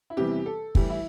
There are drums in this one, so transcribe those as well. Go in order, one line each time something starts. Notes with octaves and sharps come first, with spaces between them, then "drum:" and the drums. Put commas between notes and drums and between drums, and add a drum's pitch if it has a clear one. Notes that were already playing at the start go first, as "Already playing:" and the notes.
E4
E2 C3 E3 G3 G4
A4
A2 E3 G3 G4, drum: kick
E4